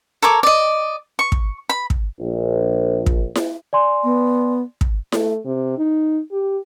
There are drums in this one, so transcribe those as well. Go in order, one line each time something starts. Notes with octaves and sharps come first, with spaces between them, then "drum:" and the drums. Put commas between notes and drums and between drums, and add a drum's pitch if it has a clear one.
A4 A#4 C#5 D6
D5 D#5
C#6
drum: kick
B5
drum: kick
A#1
drum: kick
drum: snare E4
D5 G#5 C6
B3
drum: kick
A3, drum: snare E4
C3
D#4
G4